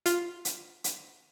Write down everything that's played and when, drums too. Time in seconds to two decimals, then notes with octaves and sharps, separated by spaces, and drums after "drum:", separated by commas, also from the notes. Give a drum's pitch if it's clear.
0.06 F4, drum: hi-hat
0.45 drum: hi-hat
0.84 drum: hi-hat